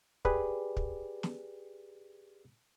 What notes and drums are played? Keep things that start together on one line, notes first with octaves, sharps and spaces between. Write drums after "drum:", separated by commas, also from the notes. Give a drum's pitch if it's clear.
G4 G#4 B4 D5, drum: kick
drum: kick
drum: snare